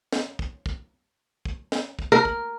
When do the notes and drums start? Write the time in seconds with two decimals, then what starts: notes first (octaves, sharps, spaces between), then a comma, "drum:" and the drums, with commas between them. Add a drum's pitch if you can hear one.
0.13 drum: snare
0.39 drum: kick
0.66 drum: kick
1.45 drum: kick
1.72 drum: snare
1.99 drum: kick
2.12 A#4
2.25 drum: kick